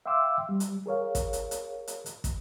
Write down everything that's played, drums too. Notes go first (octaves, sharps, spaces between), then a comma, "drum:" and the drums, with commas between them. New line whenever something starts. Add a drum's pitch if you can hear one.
E5 F5 G5 C6 D6 E6
G3
drum: hi-hat
G#4 A#4 C#5 F5
drum: kick, hi-hat
drum: hi-hat
drum: hi-hat
drum: hi-hat
drum: hi-hat
drum: kick, hi-hat